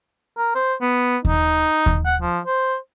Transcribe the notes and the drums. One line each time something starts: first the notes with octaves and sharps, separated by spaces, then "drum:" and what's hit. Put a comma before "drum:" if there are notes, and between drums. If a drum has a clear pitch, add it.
A#4
C5
B3
D#4, drum: kick D#2
drum: kick D#2
F#5
F3
C5